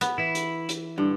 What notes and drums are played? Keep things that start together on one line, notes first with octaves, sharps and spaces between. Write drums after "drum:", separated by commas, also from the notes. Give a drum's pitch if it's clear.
B3, drum: hi-hat
E3 E4 E5
drum: hi-hat
drum: hi-hat
G2 D3